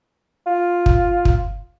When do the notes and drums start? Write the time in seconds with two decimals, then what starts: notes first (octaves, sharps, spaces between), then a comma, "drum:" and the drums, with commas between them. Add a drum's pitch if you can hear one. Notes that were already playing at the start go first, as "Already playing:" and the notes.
0.47 F4
0.86 drum: kick
1.25 drum: kick